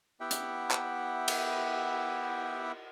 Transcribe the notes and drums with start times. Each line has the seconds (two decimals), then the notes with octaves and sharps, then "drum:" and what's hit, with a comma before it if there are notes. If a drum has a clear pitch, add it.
0.20 B3 E4 G4 E5 F#5 G5
0.31 drum: hi-hat
0.71 drum: clap
1.28 drum: cymbal